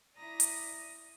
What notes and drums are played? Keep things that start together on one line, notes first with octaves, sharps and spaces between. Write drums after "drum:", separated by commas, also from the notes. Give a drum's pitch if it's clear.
E4 D5 A#5 D#6 A#6
drum: hi-hat